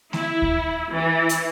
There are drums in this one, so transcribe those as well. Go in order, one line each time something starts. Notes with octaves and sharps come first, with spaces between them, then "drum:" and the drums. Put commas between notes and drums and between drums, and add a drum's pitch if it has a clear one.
E4, drum: snare A3
drum: kick D2
E3
drum: hi-hat